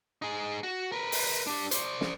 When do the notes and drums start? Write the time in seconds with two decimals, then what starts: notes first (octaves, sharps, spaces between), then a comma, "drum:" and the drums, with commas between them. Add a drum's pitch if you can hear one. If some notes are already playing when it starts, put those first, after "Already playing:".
0.22 D#4 G#4
0.63 F#4
0.92 A#4 B4
1.12 drum: open hi-hat
1.47 D4 G4
1.71 C5 D5, drum: hi-hat
2.01 drum: snare